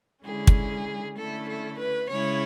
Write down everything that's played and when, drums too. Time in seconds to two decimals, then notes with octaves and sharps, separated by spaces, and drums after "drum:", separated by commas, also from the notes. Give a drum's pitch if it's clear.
0.24 D3 G#3 C#4 E4 G#4
0.47 drum: kick
1.17 D3 A3 C#4 E4 A4
1.48 A4
1.79 B4
2.10 C#3 G#3 C#4 E4 C#5